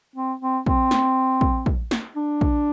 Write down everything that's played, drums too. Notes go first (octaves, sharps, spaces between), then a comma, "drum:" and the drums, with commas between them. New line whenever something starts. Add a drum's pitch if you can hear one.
C4
C4
C4, drum: kick
drum: snare
drum: kick
drum: kick
drum: snare
D4
drum: kick